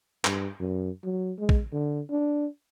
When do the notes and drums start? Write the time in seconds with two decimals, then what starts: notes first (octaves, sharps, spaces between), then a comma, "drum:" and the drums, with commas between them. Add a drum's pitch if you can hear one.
0.25 G2, drum: clap
0.60 F#2
1.04 F#3
1.39 G#3
1.49 drum: kick
1.72 D3
2.10 D4